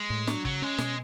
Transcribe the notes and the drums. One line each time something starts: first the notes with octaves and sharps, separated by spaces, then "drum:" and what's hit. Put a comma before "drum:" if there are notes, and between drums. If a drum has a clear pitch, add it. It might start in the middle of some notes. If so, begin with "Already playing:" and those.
Already playing: G#3
A2
F#3 D4, drum: snare
C#3 F#3, drum: kick
G#3 C#4
B2, drum: snare